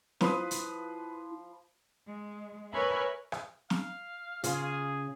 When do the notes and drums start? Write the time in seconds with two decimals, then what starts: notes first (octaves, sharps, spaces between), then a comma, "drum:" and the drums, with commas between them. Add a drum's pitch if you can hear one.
0.21 F3 E4 B4 B5 C6 D#6, drum: snare
0.51 drum: hi-hat
2.07 G#3
2.73 A#4 B4 C#5 E5 G#5 B5
3.32 drum: rim click
3.70 F5, drum: snare
4.44 C#3 F4 G#4 C6, drum: hi-hat